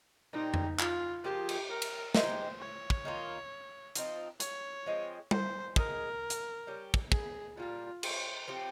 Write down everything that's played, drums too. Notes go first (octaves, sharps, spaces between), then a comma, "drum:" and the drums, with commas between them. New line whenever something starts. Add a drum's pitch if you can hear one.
A#2 G3 C4 D#4 G4
drum: tom F2
F4, drum: clap
F3 A#3 F4 G4 G#4
drum: cymbal
A#4
drum: cymbal
G#3 D#4 G4 C5, drum: snare
C#5
drum: kick
D#3 A#3 F4
F3 C4 D#4, drum: hi-hat
C#5, drum: hi-hat
F3 G#3 C4
C5, drum: tom G3
G#3 D#4 G#4 A#4, drum: kick
drum: hi-hat
G3 C#4 G4
drum: kick
G#4, drum: kick
A#2 G3 A#3 F4
C5, drum: cymbal
F3 C4 G4